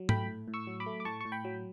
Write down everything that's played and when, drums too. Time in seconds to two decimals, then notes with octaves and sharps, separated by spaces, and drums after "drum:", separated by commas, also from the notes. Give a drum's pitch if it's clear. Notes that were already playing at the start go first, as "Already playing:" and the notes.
Already playing: F#3
0.09 A3 G5 B5, drum: tom G#2
0.28 A2
0.48 A2
0.54 C#6 E6
0.67 F#3
0.80 B5 D6
0.86 A3
1.00 D6
1.05 A2 A5 C#6
1.21 A2 C#6
1.32 G5 B5
1.45 F#3